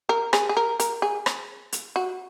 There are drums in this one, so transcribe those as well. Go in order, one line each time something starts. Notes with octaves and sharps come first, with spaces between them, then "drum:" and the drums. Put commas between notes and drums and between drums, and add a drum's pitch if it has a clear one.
A#4
G#4, drum: rim click
G#4
A#4
A#4, drum: hi-hat
G#4
drum: rim click
drum: hi-hat
F#4